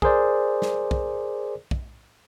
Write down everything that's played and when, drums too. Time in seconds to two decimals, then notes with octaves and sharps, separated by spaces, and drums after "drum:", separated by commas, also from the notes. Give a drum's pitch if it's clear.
0.02 G#4 A#4 C5 D5, drum: kick
0.62 drum: snare
0.91 drum: kick
1.71 drum: kick